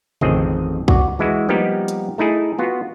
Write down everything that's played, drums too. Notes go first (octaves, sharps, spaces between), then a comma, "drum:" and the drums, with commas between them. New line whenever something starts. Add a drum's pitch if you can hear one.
A1 F2 D#3 C4 G#4 D#5, drum: tom C3
F#4 D5, drum: kick
E3 G#3 E4 F#4
F3 G3 A#3 B3 D#4 G4
drum: hi-hat
A3 D#4 E4 G#4
B3 F4 F#4